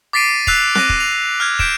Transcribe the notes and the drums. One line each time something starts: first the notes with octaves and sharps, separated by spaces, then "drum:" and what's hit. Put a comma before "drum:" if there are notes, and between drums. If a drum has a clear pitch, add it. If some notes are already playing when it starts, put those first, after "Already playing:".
D6 A6 B6 C7 D7 D#7
E6 F#6 B6 C7 F7, drum: kick
F#6 A#6 D#7, drum: snare C4
drum: kick
F7
F6 F#6 G#6
G6 B6 D7 E7, drum: kick